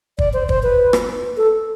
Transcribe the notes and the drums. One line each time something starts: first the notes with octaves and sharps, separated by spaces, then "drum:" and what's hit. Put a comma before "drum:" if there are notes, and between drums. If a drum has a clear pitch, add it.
D5, drum: kick
C5
C5, drum: kick
B4
drum: rim click
A4